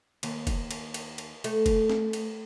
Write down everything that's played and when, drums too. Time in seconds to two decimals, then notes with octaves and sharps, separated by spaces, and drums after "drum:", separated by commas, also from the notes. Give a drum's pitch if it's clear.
0.23 D#2, drum: cymbal
0.47 drum: kick, cymbal
0.71 drum: cymbal
0.94 drum: cymbal
1.18 drum: cymbal
1.44 A3, drum: cymbal
1.66 drum: kick, cymbal
1.90 drum: snare
2.13 drum: cymbal